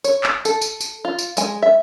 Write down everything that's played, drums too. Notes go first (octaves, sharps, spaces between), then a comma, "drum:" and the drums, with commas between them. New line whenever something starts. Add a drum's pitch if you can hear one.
C#5, drum: tambourine
drum: clap
A4, drum: tambourine
drum: tambourine
drum: tambourine
F4
drum: tambourine
G#3 G#5, drum: tambourine
E5